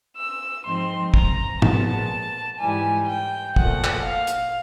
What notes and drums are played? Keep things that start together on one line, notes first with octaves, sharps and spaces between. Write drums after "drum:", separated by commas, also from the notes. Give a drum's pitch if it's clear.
E6
G#2 F3 G#3 C4 D#4 C6
A#5, drum: kick
A#2 F3 G#3 B3 A5, drum: tom
G#2 E3 G3 G#5
G5
A#2 F3 A3 F#5, drum: kick
drum: clap
F5
drum: hi-hat